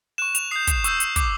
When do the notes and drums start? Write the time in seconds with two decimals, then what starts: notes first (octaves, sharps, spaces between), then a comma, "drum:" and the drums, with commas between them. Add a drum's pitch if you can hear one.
0.18 C#6 F#6 E7
0.35 F7, drum: hi-hat
0.51 D#6 G6 C7
0.67 drum: kick, hi-hat
0.84 C#6 E6 G6, drum: hi-hat
1.00 drum: hi-hat
1.16 D6 G6, drum: kick, hi-hat